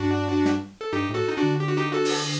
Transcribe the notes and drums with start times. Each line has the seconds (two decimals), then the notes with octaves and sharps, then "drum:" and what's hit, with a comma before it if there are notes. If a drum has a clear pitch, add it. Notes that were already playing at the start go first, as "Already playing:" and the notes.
Already playing: G2 D4 F#4
0.45 drum: snare
0.81 A4
0.92 G2 D#4 G4
1.09 A2 F#4 A4
1.28 D#4
1.37 D4 F#4
1.43 D3
1.60 G4
1.68 F#4
1.77 D#4 G4
1.93 F#4 A4
2.05 drum: open hi-hat